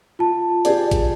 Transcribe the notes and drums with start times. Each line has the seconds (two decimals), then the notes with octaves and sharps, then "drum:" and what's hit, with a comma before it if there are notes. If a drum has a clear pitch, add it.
0.19 F4 A5
0.65 G4 G#4 D5, drum: hi-hat
0.91 drum: kick G#1, hi-hat